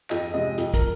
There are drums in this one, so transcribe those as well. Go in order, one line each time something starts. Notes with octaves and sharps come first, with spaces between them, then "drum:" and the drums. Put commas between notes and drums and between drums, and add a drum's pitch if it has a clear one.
F2 D#5, drum: clap
C3 F3 G#3 D#5
F2, drum: hi-hat
A#4, drum: kick, hi-hat